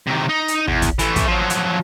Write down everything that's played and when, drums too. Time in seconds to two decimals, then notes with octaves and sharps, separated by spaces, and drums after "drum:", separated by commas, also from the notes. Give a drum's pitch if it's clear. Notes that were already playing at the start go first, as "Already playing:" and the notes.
0.07 C3 D#3
0.29 D#4
0.48 drum: hi-hat
0.68 E2, drum: tom
0.82 drum: kick, hi-hat
0.99 E3 A3, drum: hi-hat
1.16 drum: kick, hi-hat
1.27 F3 F#3
1.50 drum: hi-hat